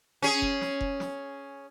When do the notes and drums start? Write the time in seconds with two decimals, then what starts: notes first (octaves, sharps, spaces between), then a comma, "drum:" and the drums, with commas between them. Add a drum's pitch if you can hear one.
0.22 C#4 G#4
0.42 drum: kick F1
0.61 drum: snare
0.81 drum: kick F1
1.00 drum: snare